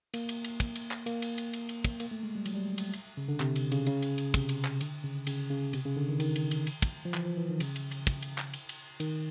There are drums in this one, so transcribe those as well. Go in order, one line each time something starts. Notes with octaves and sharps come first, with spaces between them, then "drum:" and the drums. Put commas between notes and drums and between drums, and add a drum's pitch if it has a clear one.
A#3, drum: cymbal
drum: cymbal
drum: cymbal
drum: kick, cymbal
drum: cymbal
drum: clap
A#3, drum: cymbal
drum: cymbal
drum: cymbal
drum: cymbal
drum: cymbal
drum: kick, cymbal
A#3, drum: cymbal
A3
G#3
G3
F#3, drum: cymbal
G3
drum: cymbal
drum: cymbal
C#3
D3
C3, drum: clap
drum: cymbal
C#3, drum: cymbal
C#3, drum: cymbal
drum: cymbal
drum: cymbal
C3, drum: kick, cymbal
drum: cymbal
drum: clap
D3, drum: cymbal
C#3
C#3, drum: cymbal
C#3
C3, drum: cymbal
C#3
D3
D#3
D#3, drum: cymbal
drum: cymbal
drum: cymbal
drum: cymbal
drum: kick, cymbal
F3
E3, drum: clap
F3
E3
D#3
C#3, drum: cymbal
drum: cymbal
drum: cymbal
drum: kick, cymbal
drum: cymbal
drum: clap
drum: cymbal
drum: cymbal
D#3, drum: cymbal